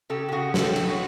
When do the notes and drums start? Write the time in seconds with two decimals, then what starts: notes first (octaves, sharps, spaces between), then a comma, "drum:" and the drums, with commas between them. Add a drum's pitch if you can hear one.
0.10 C#3 G4 A4
0.29 G4
0.32 C#3 F#4 G#4
0.54 G#3 G4 A4, drum: snare
0.76 C#3, drum: cymbal
0.87 F#4 G#4